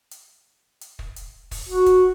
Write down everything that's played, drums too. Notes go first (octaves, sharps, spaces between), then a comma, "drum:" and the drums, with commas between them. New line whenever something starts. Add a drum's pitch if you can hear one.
drum: hi-hat
drum: hi-hat
drum: kick
drum: hi-hat
drum: kick, open hi-hat
F#4
drum: kick, hi-hat